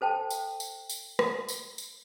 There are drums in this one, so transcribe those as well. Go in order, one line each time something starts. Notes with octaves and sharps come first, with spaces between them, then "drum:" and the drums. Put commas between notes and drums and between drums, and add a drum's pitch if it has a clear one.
A4 C5 G5 A5
drum: tambourine
drum: tambourine
drum: tambourine
drum: rim click
drum: tambourine
drum: tambourine